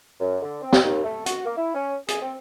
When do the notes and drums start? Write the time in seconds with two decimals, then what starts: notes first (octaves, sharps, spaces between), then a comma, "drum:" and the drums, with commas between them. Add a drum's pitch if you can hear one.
0.20 F#2
0.42 D3
0.62 C4
0.73 drum: snare
0.84 D#2
1.04 A3
1.26 F#4, drum: hi-hat
1.45 A#3
1.58 E4
1.75 C#4
2.08 G#4, drum: hi-hat
2.22 C4